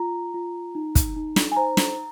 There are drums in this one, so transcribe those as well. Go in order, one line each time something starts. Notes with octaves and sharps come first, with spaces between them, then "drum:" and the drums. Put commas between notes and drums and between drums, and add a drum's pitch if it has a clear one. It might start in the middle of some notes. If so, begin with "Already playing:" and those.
Already playing: F4 A#5
F4
D#4
drum: kick, hi-hat
D#4
drum: snare
G#5
C5 A#5
drum: snare